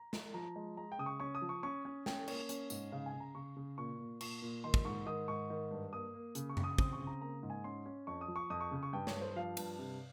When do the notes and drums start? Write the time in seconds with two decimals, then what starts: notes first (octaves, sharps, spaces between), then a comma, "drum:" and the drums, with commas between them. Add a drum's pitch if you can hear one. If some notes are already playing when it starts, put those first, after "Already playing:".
Already playing: A#5
0.13 G#3, drum: snare
0.34 F3 A#5
0.56 G#3
0.77 G#3 A#5
0.92 G5
0.99 C#3 D#6
1.06 C#6
1.20 C#4 C#6
1.35 D#6
1.42 F3
1.49 C#6
1.63 C#4 C#6
1.85 C#4
2.06 C#4 G5, drum: snare
2.28 A#3 C#5, drum: cymbal
2.49 C#4, drum: hi-hat
2.70 G#2, drum: tambourine
2.92 C#3 F5
3.06 G#5
3.13 C#3
3.20 A#5
3.35 C#3 C#6
3.56 C#3
3.78 A#2 C#6
3.99 A#2
4.21 A#2 C#6, drum: cymbal
4.42 A#2
4.64 D#3 C6
4.74 drum: kick
4.85 G#2 C#6
5.06 D#3 D#6
5.28 G#2 C#6
5.50 D#3
5.71 G2
5.93 A#3 D#6
6.14 A#3
6.35 C#3, drum: hi-hat
6.49 C#6
6.57 C#3, drum: tom F#2
6.64 D#6
6.78 C4 D#6, drum: kick
6.93 C#6
6.99 C#3
7.07 A#5
7.21 A#3 A#5
7.43 G#2
7.50 G#5
7.64 C#4 C6
7.86 C#4
8.07 F2 C#6
8.21 D#6
8.28 F3
8.36 C#6
8.50 F2 D#6
8.61 C#6
8.71 C#3
8.83 C#6
8.93 G2 G5
9.07 C#5, drum: snare
9.14 G2
9.21 C5
9.36 F3 F5
9.57 G2, drum: cymbal
9.79 C3